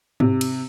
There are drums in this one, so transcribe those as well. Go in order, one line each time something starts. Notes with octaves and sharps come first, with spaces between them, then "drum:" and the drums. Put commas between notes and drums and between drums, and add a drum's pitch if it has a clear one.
C3, drum: tom G#2
drum: cymbal